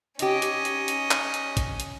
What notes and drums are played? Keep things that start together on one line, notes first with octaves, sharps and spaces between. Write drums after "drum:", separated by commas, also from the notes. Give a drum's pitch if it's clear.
C#4 D#4 G4 D#5, drum: hi-hat
drum: hi-hat
drum: hi-hat
drum: hi-hat
drum: clap
drum: hi-hat
drum: kick A1, hi-hat
drum: hi-hat